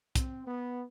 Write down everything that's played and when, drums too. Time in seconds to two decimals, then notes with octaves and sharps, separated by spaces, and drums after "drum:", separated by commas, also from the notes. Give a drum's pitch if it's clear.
0.15 C4, drum: kick, hi-hat
0.46 B3